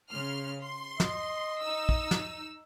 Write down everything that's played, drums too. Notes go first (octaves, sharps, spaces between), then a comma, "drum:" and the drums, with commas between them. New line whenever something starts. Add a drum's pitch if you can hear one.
C#3 C6 F6
C6
D#5, drum: snare
D#4 E6
drum: kick
drum: snare